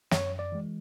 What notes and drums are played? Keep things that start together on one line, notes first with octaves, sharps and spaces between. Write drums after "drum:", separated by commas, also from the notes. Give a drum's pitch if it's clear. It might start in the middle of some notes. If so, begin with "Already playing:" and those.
F#2 C#5, drum: snare
D5
E3 G#3